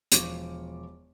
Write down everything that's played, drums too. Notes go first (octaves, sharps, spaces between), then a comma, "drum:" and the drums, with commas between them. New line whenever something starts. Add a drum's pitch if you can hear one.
E1 F3 C#6 D6, drum: hi-hat